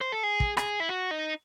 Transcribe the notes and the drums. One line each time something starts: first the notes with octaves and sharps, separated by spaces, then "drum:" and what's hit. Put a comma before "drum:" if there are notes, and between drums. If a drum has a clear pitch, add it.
C5
A4
G#4
drum: kick
G#4, drum: rim click
E4
F#4
D#4